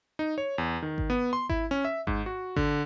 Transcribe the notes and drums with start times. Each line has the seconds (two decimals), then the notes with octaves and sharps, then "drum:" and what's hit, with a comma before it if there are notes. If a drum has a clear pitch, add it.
0.19 D#4
0.38 C#5
0.58 E2
0.83 D#3
0.98 drum: kick G#1
1.10 B3
1.33 C6
1.49 E4, drum: kick G#1
1.71 C#4
1.85 E5
2.07 G#2, drum: kick G#1
2.26 F#4
2.56 D3, drum: kick G#1